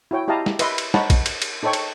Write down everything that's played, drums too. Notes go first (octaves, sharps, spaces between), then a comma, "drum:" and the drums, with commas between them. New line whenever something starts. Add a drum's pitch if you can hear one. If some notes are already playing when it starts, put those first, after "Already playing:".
E4 F#4 C#5 G5
E4 G4 D#5 F5 A5 A#5
drum: snare
B4 D#5 E5 B5 C6, drum: cymbal
drum: cymbal
D#4 C5 C#5 F#5 A5 B5, drum: snare
drum: kick, cymbal
drum: cymbal
drum: cymbal
D#4 A4 C5 C#5 G5 C#6
drum: cymbal